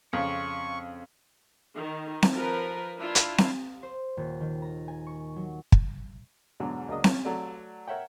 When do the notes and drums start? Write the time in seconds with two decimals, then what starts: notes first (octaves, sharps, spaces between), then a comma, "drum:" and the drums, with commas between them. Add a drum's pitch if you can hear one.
0.13 F2 C#3 C#6
1.77 D#3
2.22 drum: snare C4
2.33 F3 A#4 B4
2.98 D4 E4 F4
3.15 drum: hi-hat
3.38 drum: snare C4
3.83 C5
4.17 D#1
4.41 D#3
4.62 A#5
4.88 G#5
5.07 C#6
5.36 F#3
5.72 drum: kick
6.60 E2 G#2 B2 D3 F#3
6.88 C#2 F#3 A#3 D4 D#5 D#6
7.04 C#4, drum: snare C4
7.25 F#3 A3 D5
7.88 A#4 C#5 E5 F#5 G5